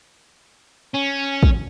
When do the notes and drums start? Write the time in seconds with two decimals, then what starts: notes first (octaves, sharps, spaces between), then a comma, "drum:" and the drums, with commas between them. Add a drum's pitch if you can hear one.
0.95 C#4
1.43 drum: kick